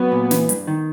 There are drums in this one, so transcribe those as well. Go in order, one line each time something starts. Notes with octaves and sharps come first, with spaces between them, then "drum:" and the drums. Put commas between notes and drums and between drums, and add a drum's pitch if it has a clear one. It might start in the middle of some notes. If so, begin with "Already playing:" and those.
Already playing: F#3 B3
A#2
E3, drum: snare
G2, drum: hi-hat
D#3